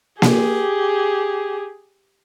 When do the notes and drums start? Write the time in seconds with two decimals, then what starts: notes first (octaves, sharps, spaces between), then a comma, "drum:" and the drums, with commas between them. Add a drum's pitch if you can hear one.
0.22 G4 G#4, drum: snare A#3